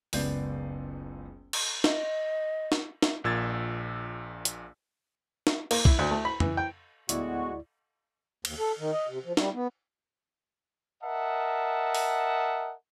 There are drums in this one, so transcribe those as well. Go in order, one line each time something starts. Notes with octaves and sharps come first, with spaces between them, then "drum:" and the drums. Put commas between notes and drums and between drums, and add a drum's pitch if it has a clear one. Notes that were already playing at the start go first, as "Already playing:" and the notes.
F#1 C#2 B3 D5 G6 C7, drum: open hi-hat
drum: cymbal
D#5, drum: snare
drum: snare
drum: snare
A#1 A#2 E6 G#6 A6
drum: hi-hat
drum: snare
A#3, drum: cymbal
E4, drum: kick B1
D2
A3
B5
E3, drum: tom
G5
D2 A2 G#3 B3 E4 F#4 D5 C#6, drum: hi-hat
D#2, drum: cymbal
A4
D#3
D#5
C3
F3
G3, drum: snare
B3
A#4 D#5 E5 F#5 A5
drum: open hi-hat